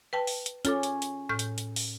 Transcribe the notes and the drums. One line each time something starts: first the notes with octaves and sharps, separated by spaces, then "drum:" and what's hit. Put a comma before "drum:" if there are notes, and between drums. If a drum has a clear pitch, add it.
B4 G5 A5
drum: open hi-hat
drum: hi-hat
C#4 F4 A4 D6, drum: hi-hat
drum: hi-hat
drum: hi-hat
A2 F6 G6
drum: hi-hat
drum: hi-hat
drum: open hi-hat